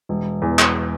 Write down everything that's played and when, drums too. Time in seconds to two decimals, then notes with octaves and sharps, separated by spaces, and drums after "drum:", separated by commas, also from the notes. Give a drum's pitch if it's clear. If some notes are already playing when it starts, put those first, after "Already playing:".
0.09 E1
0.42 E2
0.59 drum: clap